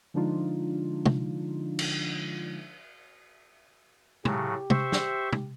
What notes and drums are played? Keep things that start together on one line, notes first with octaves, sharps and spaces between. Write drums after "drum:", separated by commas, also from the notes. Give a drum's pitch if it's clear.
D3 F3 G#3 D4 D#4 F4
drum: tom
drum: cymbal
A2 C#3 F#3 G4, drum: tom
C5 E5 C#6, drum: tom
drum: snare
drum: tom